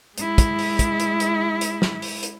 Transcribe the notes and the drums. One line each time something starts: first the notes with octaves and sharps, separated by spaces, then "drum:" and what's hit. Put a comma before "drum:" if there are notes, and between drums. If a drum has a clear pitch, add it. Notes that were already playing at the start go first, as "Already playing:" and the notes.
G#3 E4, drum: hi-hat
drum: kick, hi-hat
drum: open hi-hat
drum: kick, hi-hat
drum: hi-hat
drum: hi-hat
drum: hi-hat
drum: snare
drum: open hi-hat
drum: hi-hat